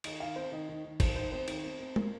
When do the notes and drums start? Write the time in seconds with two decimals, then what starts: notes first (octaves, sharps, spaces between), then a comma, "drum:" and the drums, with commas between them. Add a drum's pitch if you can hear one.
0.04 D#3 D#5, drum: cymbal
0.20 D#3 F5
0.36 C4 C5
0.52 D#3 D#5
0.69 D#3
0.85 D#3
1.00 D#3 C5, drum: kick G1, cymbal
1.16 D#3 C5
1.32 C4 C5
1.48 D#3, drum: cymbal
1.64 C4
1.80 C4
1.96 A#3, drum: tom